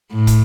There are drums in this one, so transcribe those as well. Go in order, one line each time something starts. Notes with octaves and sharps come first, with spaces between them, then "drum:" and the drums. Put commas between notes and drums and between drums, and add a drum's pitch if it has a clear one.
A2
drum: kick, hi-hat